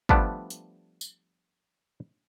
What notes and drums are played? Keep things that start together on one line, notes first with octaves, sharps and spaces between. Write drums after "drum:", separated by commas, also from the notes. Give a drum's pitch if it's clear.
F3 G3 A3 B3 D4, drum: kick
drum: hi-hat
drum: tambourine